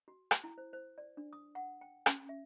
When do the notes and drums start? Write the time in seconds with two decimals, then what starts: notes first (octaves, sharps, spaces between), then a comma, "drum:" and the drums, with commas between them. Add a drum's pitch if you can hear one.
0.08 F#4
0.31 drum: rim click
0.44 E4
0.58 C5
0.73 C5
0.98 D5
1.17 D4
1.33 D#6
1.55 F#5
1.81 G5
2.06 C#4, drum: rim click
2.29 E5